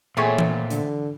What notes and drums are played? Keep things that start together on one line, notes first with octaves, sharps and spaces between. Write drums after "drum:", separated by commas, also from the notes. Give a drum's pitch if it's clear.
E2 A#2 A3 C4 G#4 C#5 G#5
drum: tom E3
D3, drum: hi-hat